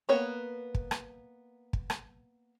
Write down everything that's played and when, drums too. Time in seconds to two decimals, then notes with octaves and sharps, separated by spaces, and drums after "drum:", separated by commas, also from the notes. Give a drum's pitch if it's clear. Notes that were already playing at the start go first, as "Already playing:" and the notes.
0.09 A#3 B3 C#5
0.75 drum: kick
0.91 drum: rim click
1.73 drum: kick
1.90 drum: rim click